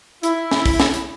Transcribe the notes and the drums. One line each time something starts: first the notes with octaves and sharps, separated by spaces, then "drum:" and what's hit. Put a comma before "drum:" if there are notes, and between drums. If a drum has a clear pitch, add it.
E4, drum: hi-hat
drum: snare
drum: kick, open hi-hat
drum: snare
drum: hi-hat